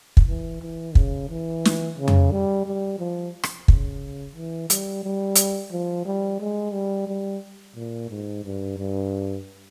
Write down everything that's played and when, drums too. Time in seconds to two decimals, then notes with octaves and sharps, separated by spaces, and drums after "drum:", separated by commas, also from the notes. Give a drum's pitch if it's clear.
0.17 drum: kick
0.27 E3
0.61 E3
0.95 C#3, drum: kick
1.30 E3
1.65 drum: snare
1.98 C#3
2.08 drum: tom F2
2.32 G3
2.66 G3
2.99 F3
3.43 drum: rim click
3.68 C#3, drum: kick
4.35 E3
4.70 G3, drum: hi-hat
5.04 G3
5.35 drum: hi-hat
5.72 F3
6.05 G3
6.40 G#3
6.73 G3
7.07 G3
7.75 A#2
8.09 G#2
8.44 G2
8.78 G2